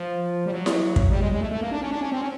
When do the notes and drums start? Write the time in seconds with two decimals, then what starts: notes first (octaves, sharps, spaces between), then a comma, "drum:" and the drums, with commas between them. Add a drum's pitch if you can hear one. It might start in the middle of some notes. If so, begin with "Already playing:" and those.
Already playing: F3
0.46 G3
0.51 F#3
0.66 drum: snare E4
0.96 drum: kick
1.11 G3
1.21 G#3
1.32 G#3
1.41 A3
1.51 A3
1.61 A#3
1.71 D4
1.81 C#4
1.91 D4
2.01 C#4
2.12 C4
2.21 C#4